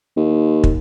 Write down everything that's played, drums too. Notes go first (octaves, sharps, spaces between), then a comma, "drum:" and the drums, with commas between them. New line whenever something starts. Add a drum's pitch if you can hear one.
D#2
drum: kick